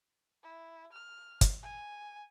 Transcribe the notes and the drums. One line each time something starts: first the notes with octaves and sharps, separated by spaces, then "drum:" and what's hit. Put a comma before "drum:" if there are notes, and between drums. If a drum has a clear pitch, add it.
E4
F6
drum: kick, hi-hat
G#5